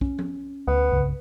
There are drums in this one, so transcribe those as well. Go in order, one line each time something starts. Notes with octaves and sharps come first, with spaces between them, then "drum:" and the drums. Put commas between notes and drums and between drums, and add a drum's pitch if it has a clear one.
C#4, drum: kick
drum: tom F3
D2 B3
C2 G2 C#3